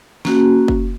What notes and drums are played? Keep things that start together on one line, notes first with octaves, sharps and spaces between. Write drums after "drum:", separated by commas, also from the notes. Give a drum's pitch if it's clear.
A#3 C#4 F#4, drum: snare
drum: kick